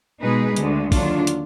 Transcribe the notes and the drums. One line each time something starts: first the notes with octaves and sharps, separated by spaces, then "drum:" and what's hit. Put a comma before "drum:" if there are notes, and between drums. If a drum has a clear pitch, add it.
B2 G#3 D#4 G#4 B4
D2 D3 G#3, drum: hi-hat
D#2 D3 F#3 D4 F4, drum: kick, open hi-hat
drum: hi-hat